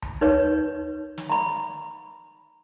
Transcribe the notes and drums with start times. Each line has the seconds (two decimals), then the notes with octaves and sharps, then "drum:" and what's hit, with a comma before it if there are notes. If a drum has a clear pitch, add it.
0.02 drum: tom D#2
0.21 D#4 B4 C#5
1.18 drum: snare
1.30 A#5 B5